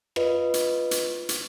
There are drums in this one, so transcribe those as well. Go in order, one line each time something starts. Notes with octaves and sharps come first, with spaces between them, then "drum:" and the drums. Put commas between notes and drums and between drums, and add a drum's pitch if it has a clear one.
F4 B4 D#5, drum: rim click
drum: hi-hat
drum: hi-hat
drum: hi-hat